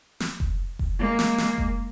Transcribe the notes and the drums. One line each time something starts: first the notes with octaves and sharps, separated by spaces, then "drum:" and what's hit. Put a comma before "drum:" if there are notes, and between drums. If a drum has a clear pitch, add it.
drum: snare
drum: kick F1
drum: kick F1
G#3 A#3
drum: snare
drum: snare
drum: kick F1